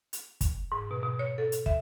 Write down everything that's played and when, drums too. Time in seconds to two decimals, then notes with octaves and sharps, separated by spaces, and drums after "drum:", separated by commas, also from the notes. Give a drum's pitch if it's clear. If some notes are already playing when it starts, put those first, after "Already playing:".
0.13 drum: hi-hat
0.41 drum: kick, hi-hat
0.72 G#2
0.91 B2
1.03 B2
1.19 C#5
1.38 A4
1.52 drum: hi-hat
1.66 E5, drum: kick